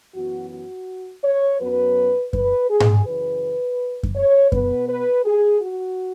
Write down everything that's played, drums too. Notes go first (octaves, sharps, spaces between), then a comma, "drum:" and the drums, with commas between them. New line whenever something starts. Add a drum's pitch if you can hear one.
F#2 E3 B3 F#4
F#4
C#5
F#2 F#3 B3 B4
B4, drum: kick F#2
G#4
drum: tom G#2
F#2 C#3 E3 B4
drum: kick F#2
C#5
B2 B3 B4, drum: kick F#2
B4
G#4
F#4